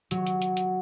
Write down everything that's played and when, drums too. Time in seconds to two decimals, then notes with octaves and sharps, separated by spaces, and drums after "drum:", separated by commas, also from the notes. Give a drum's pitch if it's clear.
0.11 F#3, drum: hi-hat
0.27 drum: hi-hat
0.42 drum: hi-hat
0.57 drum: hi-hat